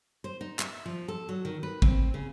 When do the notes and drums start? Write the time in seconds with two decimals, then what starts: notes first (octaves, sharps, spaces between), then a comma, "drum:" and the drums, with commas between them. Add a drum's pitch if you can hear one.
0.24 C5
0.41 D#4
0.59 E5, drum: clap
0.86 F3
1.08 A4
1.29 F#3
1.45 D#3
1.63 B4
1.82 C4, drum: kick
2.14 C#3